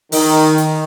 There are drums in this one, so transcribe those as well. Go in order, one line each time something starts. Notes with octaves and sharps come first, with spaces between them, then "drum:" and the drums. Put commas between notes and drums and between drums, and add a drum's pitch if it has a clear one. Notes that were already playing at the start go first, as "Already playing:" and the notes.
D#3, drum: open hi-hat
drum: hi-hat